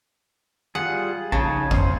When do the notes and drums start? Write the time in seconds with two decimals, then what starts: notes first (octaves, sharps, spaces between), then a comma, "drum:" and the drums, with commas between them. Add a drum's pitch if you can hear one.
0.75 G3 F4 G#4 F#5
1.32 A#1 C#3 D#4 G#5 A5
1.71 G#1 C#4 C5, drum: tom F2